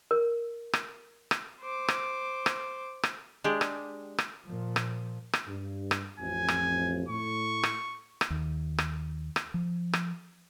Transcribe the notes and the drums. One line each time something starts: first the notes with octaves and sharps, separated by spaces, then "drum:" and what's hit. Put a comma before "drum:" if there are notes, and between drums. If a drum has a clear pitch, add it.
A#4
drum: rim click
drum: rim click
C5 D6
drum: rim click
drum: rim click
drum: rim click
G#3 D4 G4
drum: rim click
drum: rim click
A#2 F3
drum: rim click
drum: rim click
G2
drum: rim click
A1 F2 G#5
drum: rim click
A2 C#6
drum: rim click
drum: rim click
D#2
drum: rim click
drum: rim click
F3
drum: rim click